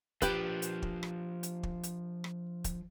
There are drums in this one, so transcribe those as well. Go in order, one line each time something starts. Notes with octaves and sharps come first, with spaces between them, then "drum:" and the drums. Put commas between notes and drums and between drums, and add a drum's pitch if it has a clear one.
F3 D4 G4 B4, drum: kick, hi-hat
drum: hi-hat
drum: kick
drum: rim click
drum: hi-hat
drum: kick
drum: hi-hat
drum: rim click
drum: kick, hi-hat